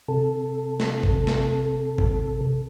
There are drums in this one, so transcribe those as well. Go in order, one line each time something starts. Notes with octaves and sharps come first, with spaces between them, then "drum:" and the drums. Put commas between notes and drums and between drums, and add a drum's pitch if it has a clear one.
C3 A4
drum: snare
drum: kick G#1
drum: snare
drum: kick G#1